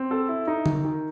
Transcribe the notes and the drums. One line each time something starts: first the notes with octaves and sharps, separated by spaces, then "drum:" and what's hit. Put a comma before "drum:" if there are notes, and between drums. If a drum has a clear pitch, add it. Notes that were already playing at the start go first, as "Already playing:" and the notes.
Already playing: C4
A4
E4
D#4
D#3, drum: tom D3
D#3